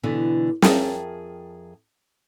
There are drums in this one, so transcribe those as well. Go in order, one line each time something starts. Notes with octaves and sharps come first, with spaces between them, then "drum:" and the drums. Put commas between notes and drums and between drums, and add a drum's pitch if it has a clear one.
B2 D3 E3 B3
F2 G#4 A#4 E5 G5 A5, drum: snare